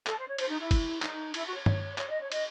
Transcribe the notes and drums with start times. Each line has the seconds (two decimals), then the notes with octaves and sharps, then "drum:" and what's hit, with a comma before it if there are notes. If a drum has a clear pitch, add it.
0.07 A4, drum: clap
0.18 C5
0.29 C#5
0.38 C5, drum: cymbal
0.49 D#4
0.60 E4
0.71 drum: kick F#1, cymbal
1.02 D#4, drum: clap
1.34 E4, drum: cymbal
1.45 F#4
1.56 C#5
1.66 drum: tom G2
1.98 C#5, drum: clap
2.09 D#5
2.21 C#5
2.32 D#5, drum: cymbal